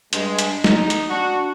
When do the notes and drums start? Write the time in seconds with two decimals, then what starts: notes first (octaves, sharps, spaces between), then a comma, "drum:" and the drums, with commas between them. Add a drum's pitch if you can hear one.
0.13 G2 G#3, drum: hi-hat
0.39 drum: hi-hat
0.64 D#4, drum: snare
0.90 drum: hi-hat
1.09 D4 F#4